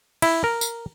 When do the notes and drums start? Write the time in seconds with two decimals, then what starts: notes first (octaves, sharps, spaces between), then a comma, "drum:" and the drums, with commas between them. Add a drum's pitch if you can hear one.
0.22 E4, drum: cymbal
0.44 A#4
0.61 drum: tambourine